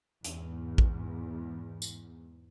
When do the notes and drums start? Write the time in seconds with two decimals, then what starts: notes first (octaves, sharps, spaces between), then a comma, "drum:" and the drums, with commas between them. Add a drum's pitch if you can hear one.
0.24 E2 G#2, drum: hi-hat
0.78 drum: kick A1
1.82 drum: tambourine